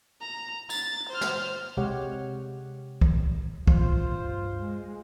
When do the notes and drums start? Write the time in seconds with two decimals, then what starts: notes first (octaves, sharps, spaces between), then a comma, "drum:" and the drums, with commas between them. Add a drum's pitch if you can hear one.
0.21 A#5
0.70 A6, drum: tambourine
1.10 C5 F6
1.21 drum: snare
1.77 C3 G#3 G4 C#5 F#5
3.01 drum: kick
3.67 G2 B2 F4 C5, drum: kick
4.03 G2
4.65 G#3